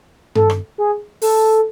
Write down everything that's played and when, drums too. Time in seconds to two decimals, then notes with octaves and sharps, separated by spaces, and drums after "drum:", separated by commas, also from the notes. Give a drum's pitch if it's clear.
0.35 A4, drum: tom G2
0.50 drum: rim click
0.78 G#4
1.22 A4, drum: open hi-hat